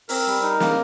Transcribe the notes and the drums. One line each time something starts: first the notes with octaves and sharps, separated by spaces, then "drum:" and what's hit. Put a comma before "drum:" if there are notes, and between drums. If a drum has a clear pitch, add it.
C4 A#4, drum: open hi-hat
G3
D#4
A#3, drum: snare